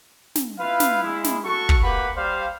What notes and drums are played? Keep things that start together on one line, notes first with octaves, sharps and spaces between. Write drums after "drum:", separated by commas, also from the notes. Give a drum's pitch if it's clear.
drum: snare
E4 F4 B4 F5
drum: snare
G#3 E4
drum: snare
F#4 A4 C#6
drum: kick
A#3 G4 B4 F#5 B5
G3 C5 D5 F5